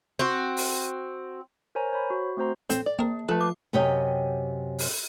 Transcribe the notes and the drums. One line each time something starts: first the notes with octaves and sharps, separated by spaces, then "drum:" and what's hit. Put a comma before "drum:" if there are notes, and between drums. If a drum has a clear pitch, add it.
C4 F#4
drum: open hi-hat
A#4 C5 C#5 G#5 A#5
C5 C#5 B5
F#4
A3 C4 F#4 C5 A#5 C6
A2 C4, drum: hi-hat
D5
A#3 C4 A#4
F3 A3 A4 B4
D6
F#2 C3 G4 C#5 D#5 G5
drum: open hi-hat